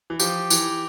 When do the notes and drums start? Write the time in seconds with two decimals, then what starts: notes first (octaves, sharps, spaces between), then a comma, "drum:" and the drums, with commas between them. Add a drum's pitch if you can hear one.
0.10 E3
0.20 F3 G4, drum: tambourine
0.50 E3, drum: tambourine